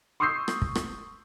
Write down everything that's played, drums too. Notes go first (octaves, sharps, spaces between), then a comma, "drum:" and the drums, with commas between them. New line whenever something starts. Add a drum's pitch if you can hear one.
C6 C#6 D#6 E6 G6 C7
drum: rim click
drum: kick
drum: rim click